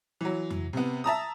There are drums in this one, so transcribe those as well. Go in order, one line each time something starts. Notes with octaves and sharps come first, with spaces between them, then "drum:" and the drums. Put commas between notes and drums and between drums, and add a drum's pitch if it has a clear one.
E3 F#3
drum: tom F2
C3 B3
E5 A5 A#5 D#6